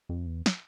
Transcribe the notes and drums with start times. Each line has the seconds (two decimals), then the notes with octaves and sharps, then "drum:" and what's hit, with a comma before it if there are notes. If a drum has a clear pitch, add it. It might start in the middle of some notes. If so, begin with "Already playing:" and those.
0.09 F2
0.27 E2
0.46 drum: snare